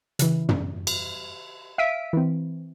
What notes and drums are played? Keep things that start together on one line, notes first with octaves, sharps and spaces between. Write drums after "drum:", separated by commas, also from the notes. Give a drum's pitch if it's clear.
C#3 E3, drum: hi-hat
drum: tom
drum: cymbal
E5 F5 E6 B6 D7 D#7
E3 C4